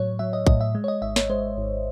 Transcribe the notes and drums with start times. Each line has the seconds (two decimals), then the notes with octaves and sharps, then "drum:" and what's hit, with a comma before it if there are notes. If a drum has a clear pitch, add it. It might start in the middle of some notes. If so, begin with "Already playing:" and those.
Already playing: A2 F#3 C#5
0.19 F#3 E5
0.33 D#5
0.47 A2 D#5, drum: kick
0.61 E5
0.75 G#3
0.84 C#5
0.88 D#5
1.02 G#1 E5
1.16 C#5, drum: snare
1.30 G#3 C5
1.58 G#1